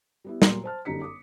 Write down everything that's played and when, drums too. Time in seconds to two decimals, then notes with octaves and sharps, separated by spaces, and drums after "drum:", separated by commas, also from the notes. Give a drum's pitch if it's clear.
0.24 G3 B3 E4
0.42 A#2 F#3 G3 A#4 C6, drum: snare
0.64 C5 A5 F6
0.85 G1 F#2 G3 D#4 B6 C#7
1.01 D6 D#6